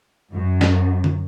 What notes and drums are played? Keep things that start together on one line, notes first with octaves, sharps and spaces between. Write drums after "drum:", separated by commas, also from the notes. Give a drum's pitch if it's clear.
F#2
drum: snare
drum: tom